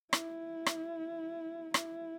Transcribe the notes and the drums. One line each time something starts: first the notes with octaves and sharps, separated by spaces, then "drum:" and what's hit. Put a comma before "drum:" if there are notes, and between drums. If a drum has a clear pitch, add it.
E4, drum: rim click
drum: rim click
E4, drum: rim click